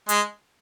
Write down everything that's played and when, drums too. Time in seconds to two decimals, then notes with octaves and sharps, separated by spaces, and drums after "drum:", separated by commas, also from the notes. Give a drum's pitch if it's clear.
0.09 G#3, drum: hi-hat